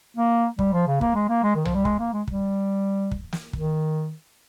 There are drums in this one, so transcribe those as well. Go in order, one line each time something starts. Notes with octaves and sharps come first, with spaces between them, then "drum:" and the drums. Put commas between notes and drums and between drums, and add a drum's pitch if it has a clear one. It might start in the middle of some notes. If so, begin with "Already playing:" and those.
A#3
G3, drum: kick
F3
C#3
A#3, drum: kick
G#3
A#3
G#3
D#3
F3, drum: tom B1
G3
G#3, drum: kick
A#3
G#3
G3, drum: kick
drum: kick
drum: snare
D#3, drum: kick